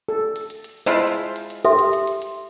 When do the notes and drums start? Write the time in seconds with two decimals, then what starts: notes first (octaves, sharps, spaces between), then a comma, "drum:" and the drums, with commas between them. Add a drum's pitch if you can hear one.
0.09 A4
0.36 drum: hi-hat
0.50 drum: hi-hat
0.64 drum: hi-hat
0.86 G#3 E4 F4 C5 A5 B5
1.07 drum: hi-hat
1.36 drum: hi-hat
1.50 drum: hi-hat
1.65 G4 A4 E5 C6, drum: hi-hat
1.79 drum: hi-hat
1.93 drum: hi-hat
2.07 drum: hi-hat
2.22 drum: hi-hat